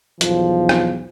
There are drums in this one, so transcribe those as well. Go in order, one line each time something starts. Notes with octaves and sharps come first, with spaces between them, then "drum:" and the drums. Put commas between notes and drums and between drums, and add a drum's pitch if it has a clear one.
B1 E2 F3, drum: hi-hat
drum: rim click